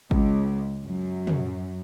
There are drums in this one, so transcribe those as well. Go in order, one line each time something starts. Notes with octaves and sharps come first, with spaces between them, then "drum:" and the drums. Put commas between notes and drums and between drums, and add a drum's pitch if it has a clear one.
C#2, drum: kick
F#2
drum: tom